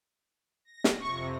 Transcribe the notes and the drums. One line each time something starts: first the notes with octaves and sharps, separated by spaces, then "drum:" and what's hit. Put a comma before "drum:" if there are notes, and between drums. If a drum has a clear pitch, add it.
A#6
drum: snare
F2 C3 C#6